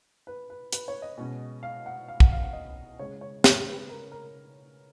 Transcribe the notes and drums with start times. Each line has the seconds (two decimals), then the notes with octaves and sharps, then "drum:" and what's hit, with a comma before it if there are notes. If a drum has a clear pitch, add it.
0.27 B4
0.50 B4
0.72 B4, drum: hi-hat
0.88 C#5
1.02 D#5
1.18 B2 G#3 C#4
1.63 F5
1.86 F#5
2.08 F5
2.20 F#5, drum: kick
2.32 F5
2.43 F#5
2.53 D#5
2.99 C#3 G#3 C#4 C#5
3.21 C#5
3.44 C#5, drum: snare
3.67 B4
3.89 A#4
4.12 A#4